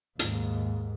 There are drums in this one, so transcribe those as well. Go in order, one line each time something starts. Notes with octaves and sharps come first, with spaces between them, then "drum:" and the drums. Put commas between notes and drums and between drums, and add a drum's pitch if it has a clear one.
D#2 G#2, drum: hi-hat